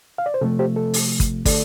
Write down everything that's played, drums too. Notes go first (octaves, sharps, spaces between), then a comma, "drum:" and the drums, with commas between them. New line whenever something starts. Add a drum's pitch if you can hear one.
F5
D5
C5
C3 F3 A3 A4
G4 C5
A4
drum: open hi-hat
drum: kick, hi-hat
D3 A3 A4 D5, drum: kick, open hi-hat